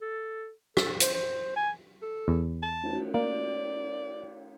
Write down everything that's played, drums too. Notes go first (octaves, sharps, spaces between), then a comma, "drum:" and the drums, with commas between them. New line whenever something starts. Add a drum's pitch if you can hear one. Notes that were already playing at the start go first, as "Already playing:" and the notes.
A4
A4, drum: rim click
C5, drum: hi-hat
C5
G#5
A4
E2
A5
drum: cymbal
A#3 D5